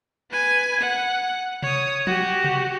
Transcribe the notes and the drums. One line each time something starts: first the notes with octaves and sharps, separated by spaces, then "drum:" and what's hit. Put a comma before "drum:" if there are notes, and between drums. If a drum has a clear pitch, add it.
B4 G#5
F#5
C#5 D#6, drum: tom C3
F#4 G4, drum: tom
drum: tom C3